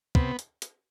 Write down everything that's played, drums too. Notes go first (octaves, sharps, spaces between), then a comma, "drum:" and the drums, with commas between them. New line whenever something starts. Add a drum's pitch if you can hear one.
C3 B3, drum: kick
drum: hi-hat
drum: hi-hat